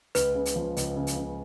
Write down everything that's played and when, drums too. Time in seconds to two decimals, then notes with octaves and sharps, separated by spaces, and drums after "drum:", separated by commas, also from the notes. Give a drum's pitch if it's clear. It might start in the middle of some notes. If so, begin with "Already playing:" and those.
0.15 C#2 B4, drum: hi-hat
0.35 C#3
0.46 drum: hi-hat
0.56 F3
0.77 C#2, drum: hi-hat
0.97 C#3
1.07 drum: hi-hat
1.17 C#3